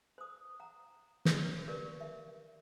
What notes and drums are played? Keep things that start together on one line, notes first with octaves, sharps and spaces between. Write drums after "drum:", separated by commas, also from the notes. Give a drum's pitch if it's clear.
C5 D#6
F#5 A#5
drum: snare
G4 A#4 B4 D5
E5